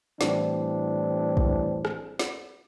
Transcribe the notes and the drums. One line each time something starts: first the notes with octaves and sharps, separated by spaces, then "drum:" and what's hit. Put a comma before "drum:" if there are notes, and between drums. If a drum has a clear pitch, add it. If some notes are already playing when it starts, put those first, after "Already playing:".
A2 E3 G3 C4 D4, drum: snare
drum: kick
drum: rim click
drum: snare